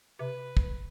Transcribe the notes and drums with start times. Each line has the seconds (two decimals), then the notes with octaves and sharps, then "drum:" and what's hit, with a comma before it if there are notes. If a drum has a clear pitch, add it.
0.19 C3 B4
0.57 drum: kick